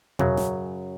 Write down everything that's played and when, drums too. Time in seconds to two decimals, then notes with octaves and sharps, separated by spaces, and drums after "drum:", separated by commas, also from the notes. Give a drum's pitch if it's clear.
0.19 F#2 C#3 F#3, drum: tom
0.37 drum: snare